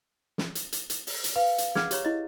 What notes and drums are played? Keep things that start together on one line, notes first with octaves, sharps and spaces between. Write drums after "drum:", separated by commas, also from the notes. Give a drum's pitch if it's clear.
drum: snare
drum: hi-hat
drum: hi-hat
drum: hi-hat
drum: open hi-hat
drum: hi-hat
B4 F5
drum: hi-hat
G#4 F#5 F6 G#6, drum: snare
G4 C#5 A#5, drum: hi-hat
E4 D#5